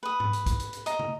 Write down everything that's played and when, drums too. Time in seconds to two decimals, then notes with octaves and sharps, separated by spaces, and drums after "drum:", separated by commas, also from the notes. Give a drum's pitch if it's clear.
0.03 B4 D#6
0.20 drum: tom G#2
0.33 drum: hi-hat
0.46 drum: kick, hi-hat
0.60 drum: hi-hat
0.73 drum: hi-hat
0.86 D#5 A#5, drum: hi-hat
0.99 drum: tom